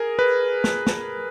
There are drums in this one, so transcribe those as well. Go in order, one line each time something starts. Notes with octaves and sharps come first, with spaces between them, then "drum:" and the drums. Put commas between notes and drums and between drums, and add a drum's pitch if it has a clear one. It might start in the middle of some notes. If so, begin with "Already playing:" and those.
Already playing: G#4 A#4
B4
drum: snare
drum: snare